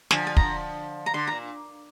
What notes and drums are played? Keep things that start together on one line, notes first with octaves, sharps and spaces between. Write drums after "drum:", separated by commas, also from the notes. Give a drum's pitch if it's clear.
D3 F3 G#5, drum: snare
G#5
A#5, drum: kick
A#5
D3 C6
A#2 A#5